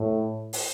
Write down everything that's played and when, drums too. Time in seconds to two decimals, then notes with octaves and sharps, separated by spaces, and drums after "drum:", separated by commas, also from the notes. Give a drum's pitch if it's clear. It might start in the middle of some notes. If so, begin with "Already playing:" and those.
Already playing: A2
0.53 drum: open hi-hat